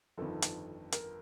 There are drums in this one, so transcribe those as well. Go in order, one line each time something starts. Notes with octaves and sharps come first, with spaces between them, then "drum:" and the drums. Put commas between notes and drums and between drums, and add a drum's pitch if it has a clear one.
G1 F2 D#3 A4
drum: hi-hat
A#4, drum: hi-hat